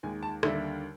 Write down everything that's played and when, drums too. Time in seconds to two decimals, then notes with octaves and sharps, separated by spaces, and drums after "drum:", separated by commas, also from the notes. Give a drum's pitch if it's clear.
0.03 D#2 D#3 G#3 G#5
0.23 A5
0.43 D#2 D3 G3 E5, drum: rim click